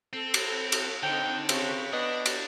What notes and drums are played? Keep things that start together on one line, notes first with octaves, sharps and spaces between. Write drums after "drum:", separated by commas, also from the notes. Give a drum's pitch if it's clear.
C4 A4
drum: cymbal
drum: cymbal
D3 C4 D#4 G5
C#3 C4 C#6 B6, drum: cymbal
B3 D4 D#5
drum: cymbal